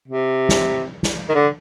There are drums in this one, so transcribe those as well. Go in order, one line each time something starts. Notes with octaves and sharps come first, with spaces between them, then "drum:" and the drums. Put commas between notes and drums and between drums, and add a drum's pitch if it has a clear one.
C3
drum: snare
drum: snare
D#3
D3